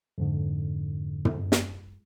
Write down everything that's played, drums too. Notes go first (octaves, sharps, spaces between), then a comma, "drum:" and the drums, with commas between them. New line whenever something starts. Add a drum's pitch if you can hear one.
F2 G#2 D3
drum: tom
drum: snare